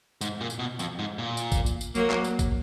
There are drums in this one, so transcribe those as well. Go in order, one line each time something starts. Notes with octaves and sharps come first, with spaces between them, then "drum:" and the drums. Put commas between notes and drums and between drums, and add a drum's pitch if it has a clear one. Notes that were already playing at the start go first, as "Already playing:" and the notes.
G#2, drum: tambourine
A#2
drum: tambourine
B2
F2, drum: tambourine
G#2
A#2
drum: tambourine
drum: kick, tambourine
drum: tambourine
drum: tambourine
F#3 A#3, drum: tambourine
drum: clap
drum: tambourine
drum: kick, tambourine